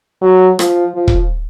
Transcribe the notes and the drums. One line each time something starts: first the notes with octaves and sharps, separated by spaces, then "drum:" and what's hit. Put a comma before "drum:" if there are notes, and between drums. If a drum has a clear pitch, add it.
F#3
F3, drum: rim click
F3
drum: kick